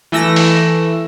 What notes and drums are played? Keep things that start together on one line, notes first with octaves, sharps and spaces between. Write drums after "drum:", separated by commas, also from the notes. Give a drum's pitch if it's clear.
E3 A3 E6 A#6
drum: open hi-hat